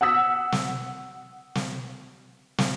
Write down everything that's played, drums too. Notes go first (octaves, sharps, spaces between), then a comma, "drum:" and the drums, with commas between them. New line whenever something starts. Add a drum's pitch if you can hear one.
F#5 D#6 E6 B6
drum: snare
drum: snare
drum: snare